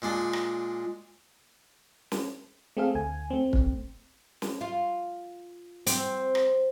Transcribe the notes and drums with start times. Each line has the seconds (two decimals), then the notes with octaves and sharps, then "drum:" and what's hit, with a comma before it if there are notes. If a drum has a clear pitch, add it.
0.02 A#2 G#3 D4
0.33 drum: rim click
2.12 drum: snare
2.77 A3 C4 G#4 A4 F5
2.95 D2 G#5
3.30 A3 C4
3.53 drum: kick
4.42 drum: snare
4.61 F4
5.87 C4, drum: hi-hat
6.35 drum: rim click